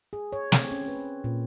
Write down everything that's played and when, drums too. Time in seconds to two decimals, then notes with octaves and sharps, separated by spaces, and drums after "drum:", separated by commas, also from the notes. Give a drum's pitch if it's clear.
0.13 G#4
0.33 C#5
0.52 C4, drum: snare
0.71 C#4
0.88 B4
1.24 A#2